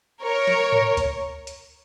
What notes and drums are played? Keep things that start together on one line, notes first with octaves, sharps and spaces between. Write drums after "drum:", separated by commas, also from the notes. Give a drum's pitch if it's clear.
A#4 C#5
drum: snare
drum: tom G#2
drum: kick C#2, hi-hat
drum: hi-hat